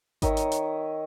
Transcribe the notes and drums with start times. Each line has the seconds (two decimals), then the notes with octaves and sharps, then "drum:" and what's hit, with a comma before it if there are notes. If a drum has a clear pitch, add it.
0.22 D#3 C#5 D#5 E5, drum: kick G#1, hi-hat
0.37 drum: hi-hat
0.52 drum: hi-hat